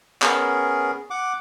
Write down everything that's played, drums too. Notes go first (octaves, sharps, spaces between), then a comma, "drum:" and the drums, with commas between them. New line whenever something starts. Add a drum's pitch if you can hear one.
B3 C#4 G#4 A#4, drum: clap
F#5 D6